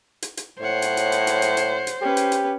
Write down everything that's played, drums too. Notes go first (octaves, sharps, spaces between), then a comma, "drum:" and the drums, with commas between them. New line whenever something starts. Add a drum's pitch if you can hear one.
drum: hi-hat
drum: hi-hat
A2 C5 C#5 F#5
drum: hi-hat
drum: hi-hat
drum: hi-hat
drum: hi-hat
drum: hi-hat
drum: hi-hat
drum: hi-hat
C#4 G4 B4
drum: hi-hat
drum: hi-hat